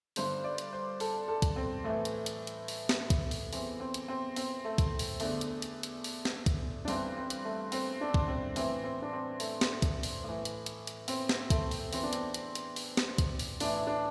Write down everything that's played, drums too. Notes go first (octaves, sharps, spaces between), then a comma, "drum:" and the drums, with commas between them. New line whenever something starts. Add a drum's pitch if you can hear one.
G2 D3 C5, drum: open hi-hat
D5
drum: hi-hat
C5
A4, drum: open hi-hat
A4
drum: kick, hi-hat
C4
A2 E3 A3
drum: hi-hat
drum: hi-hat
drum: hi-hat
drum: open hi-hat
drum: snare
drum: kick, hi-hat
drum: open hi-hat
E2 E3 C4, drum: open hi-hat
C4
drum: hi-hat
C4
C4, drum: open hi-hat
A3
drum: kick, hi-hat
drum: open hi-hat
E2 D3 A3, drum: open hi-hat
drum: hi-hat
drum: hi-hat
drum: hi-hat
drum: open hi-hat
drum: snare
drum: kick, hi-hat
D4
G2 E3 C4, drum: open hi-hat
C4
drum: hi-hat
A3
C4, drum: open hi-hat
D4
drum: kick
C4
A2 E3 C4, drum: open hi-hat
C4
D4
C4
A3, drum: open hi-hat
drum: snare
drum: kick, hi-hat
drum: open hi-hat
A2 E3
drum: hi-hat
drum: hi-hat
drum: hi-hat
C4, drum: open hi-hat
drum: snare
A3, drum: kick, hi-hat
drum: open hi-hat
E2 E3 C4, drum: open hi-hat
D4
C4, drum: hi-hat
drum: hi-hat
drum: hi-hat
drum: open hi-hat
drum: snare
drum: kick, hi-hat
drum: open hi-hat
A2 E3 D4, drum: open hi-hat
E4
D4